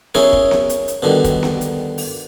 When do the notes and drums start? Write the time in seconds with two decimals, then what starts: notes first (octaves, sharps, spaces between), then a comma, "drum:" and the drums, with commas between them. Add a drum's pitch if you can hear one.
0.15 C#4 D#4 E4 G#4 A#4, drum: snare B3
0.33 drum: kick
0.51 drum: snare B3
0.69 drum: hi-hat
0.88 drum: hi-hat
1.02 B2 D3 D#3 G3
1.24 drum: kick, hi-hat
1.43 drum: snare B3
1.61 drum: hi-hat
1.98 drum: open hi-hat